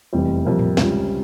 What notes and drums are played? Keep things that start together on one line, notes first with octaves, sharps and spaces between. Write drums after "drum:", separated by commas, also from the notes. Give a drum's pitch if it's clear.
F1 E2 E3 G3 C4
F2 C3 G3 A#3
drum: tom A2
C#2 C3 G3 C#4 F4, drum: snare